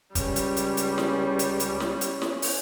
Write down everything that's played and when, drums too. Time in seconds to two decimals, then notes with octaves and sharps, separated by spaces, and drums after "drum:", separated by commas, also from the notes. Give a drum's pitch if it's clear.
0.15 C#2 G3 C#4, drum: kick, hi-hat
0.36 drum: hi-hat
0.57 drum: hi-hat
0.77 drum: hi-hat
0.98 drum: snare
1.39 drum: hi-hat
1.60 drum: hi-hat
1.80 drum: snare
2.01 drum: hi-hat
2.22 drum: snare
2.42 drum: open hi-hat